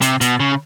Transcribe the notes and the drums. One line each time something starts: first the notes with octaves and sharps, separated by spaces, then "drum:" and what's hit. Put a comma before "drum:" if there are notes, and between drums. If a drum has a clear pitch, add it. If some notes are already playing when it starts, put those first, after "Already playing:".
C3, drum: hi-hat
B2, drum: hi-hat
C#3